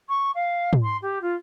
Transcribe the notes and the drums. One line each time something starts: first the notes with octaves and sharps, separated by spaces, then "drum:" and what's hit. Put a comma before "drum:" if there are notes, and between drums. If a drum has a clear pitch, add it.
C#6
F5
drum: tom
C6
G4
F4